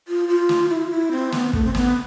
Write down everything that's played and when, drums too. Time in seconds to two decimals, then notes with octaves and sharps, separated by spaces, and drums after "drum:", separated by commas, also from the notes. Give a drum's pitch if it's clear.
0.08 F4
0.28 F4
0.49 drum: snare
0.70 E4
0.80 F4
0.91 E4
1.11 C4
1.32 B3, drum: snare
1.53 A3, drum: kick
1.64 C4
1.75 B3, drum: snare